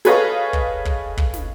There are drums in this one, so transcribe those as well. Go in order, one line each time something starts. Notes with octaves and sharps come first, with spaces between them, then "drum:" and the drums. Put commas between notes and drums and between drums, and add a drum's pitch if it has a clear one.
G#4 A4 B4 C#5 D#5 F5, drum: snare
drum: kick
drum: kick
drum: kick
drum: snare